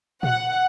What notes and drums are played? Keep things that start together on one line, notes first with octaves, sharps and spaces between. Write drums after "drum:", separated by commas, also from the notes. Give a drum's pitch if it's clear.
F#5, drum: tom A#2